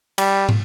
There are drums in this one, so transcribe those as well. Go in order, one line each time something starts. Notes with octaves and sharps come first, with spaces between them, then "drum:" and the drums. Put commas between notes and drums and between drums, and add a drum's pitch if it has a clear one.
G3, drum: cymbal
drum: tom